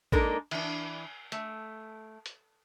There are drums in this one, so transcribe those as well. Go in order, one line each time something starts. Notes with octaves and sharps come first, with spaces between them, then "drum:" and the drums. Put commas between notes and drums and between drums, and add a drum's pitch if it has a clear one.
G#3 A#3 D4 D#4 A4 A#4, drum: kick
E3 D4, drum: cymbal
A3, drum: hi-hat
drum: hi-hat